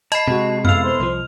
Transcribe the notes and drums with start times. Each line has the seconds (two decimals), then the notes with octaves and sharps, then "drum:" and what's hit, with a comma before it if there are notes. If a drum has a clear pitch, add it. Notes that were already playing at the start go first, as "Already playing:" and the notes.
0.12 D#5 A5 B5 C7, drum: hi-hat
0.28 C3 G#3 F#4
0.65 B3 E4 A4 F5 F6 F7, drum: tom F2
0.83 C5 C6
1.00 C2 F3